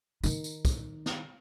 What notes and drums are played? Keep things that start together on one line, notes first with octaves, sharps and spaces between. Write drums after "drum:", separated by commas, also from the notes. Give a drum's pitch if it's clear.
D#3 D#4, drum: tambourine
drum: tambourine
drum: kick, tambourine
drum: snare